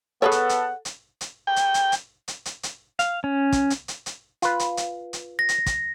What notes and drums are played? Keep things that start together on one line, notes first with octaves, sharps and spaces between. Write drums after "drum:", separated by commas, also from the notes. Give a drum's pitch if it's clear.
B3 G#4 A4 B4 C#5 F#5
drum: hi-hat
drum: hi-hat
drum: hi-hat
drum: hi-hat
G5
drum: hi-hat
drum: hi-hat
drum: hi-hat
drum: hi-hat
drum: hi-hat
drum: hi-hat
F5, drum: hi-hat
C#4
drum: kick, hi-hat
drum: hi-hat
drum: hi-hat
drum: hi-hat
F4 B4, drum: hi-hat
drum: hi-hat
drum: hi-hat
drum: hi-hat
A#6
drum: hi-hat
drum: kick, hi-hat